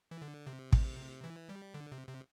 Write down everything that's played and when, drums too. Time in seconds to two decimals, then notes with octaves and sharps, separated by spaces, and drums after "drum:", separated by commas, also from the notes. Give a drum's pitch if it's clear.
0.11 E3
0.22 D3
0.46 C3
0.73 drum: kick
1.24 E3
1.49 G3
1.74 D3
1.92 C3
2.08 C3